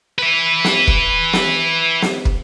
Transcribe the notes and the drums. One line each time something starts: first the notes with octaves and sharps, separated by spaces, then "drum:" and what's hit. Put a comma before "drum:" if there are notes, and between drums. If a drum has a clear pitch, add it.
B4 E5
drum: snare
drum: kick
drum: snare
drum: snare
drum: kick